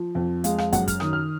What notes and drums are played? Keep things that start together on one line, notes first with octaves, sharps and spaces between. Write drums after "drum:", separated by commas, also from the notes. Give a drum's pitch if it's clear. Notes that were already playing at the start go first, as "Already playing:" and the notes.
Already playing: F3
F2
G#3 F5, drum: hi-hat
F5, drum: rim click
F#2 F#5, drum: kick, hi-hat
F6, drum: kick, hi-hat
D#3 D#6, drum: rim click
F6